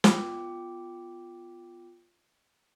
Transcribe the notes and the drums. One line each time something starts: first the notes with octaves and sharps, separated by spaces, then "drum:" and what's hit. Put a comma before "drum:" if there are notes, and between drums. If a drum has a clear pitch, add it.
B3 F4 G5 D6, drum: snare